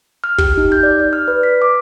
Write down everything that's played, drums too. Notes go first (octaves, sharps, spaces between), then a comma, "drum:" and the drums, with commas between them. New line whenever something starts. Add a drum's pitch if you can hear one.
F6
G4, drum: kick
D#4
G6
D5
D5
F6
B4
B6
D6